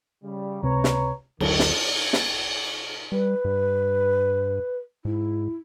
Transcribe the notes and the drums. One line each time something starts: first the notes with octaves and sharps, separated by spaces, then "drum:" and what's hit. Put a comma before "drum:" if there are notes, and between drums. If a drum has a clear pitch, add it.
C#3 G3
C#2 C3 C4 B4 C#5 A#5
drum: snare
F#1 D2 D#3 F#3, drum: cymbal
drum: snare
drum: snare
G3 B4
G2
G#2 E4